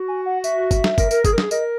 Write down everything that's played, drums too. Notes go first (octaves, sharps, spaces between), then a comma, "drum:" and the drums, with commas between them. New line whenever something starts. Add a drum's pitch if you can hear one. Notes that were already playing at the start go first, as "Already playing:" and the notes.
Already playing: F#4
G#5
F#5
E5, drum: tambourine
drum: kick, tambourine
drum: snare
A#4, drum: kick, tambourine
A#4, drum: tambourine
G#4, drum: kick, tambourine
A#4
G#4, drum: snare
A#4 D#5, drum: tambourine